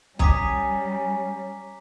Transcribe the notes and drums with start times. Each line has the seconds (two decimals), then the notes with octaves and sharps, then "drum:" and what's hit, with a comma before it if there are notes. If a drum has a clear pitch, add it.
0.19 G3 C#4 G#5 A#5 D6 D#6 B6, drum: kick